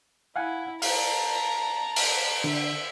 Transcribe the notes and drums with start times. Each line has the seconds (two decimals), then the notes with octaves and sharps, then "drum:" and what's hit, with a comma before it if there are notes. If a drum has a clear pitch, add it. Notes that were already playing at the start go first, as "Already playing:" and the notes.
0.36 E4 F5 F#5 G#5
0.82 F5 A5 A#5, drum: open hi-hat
1.96 drum: open hi-hat
2.44 D3 E5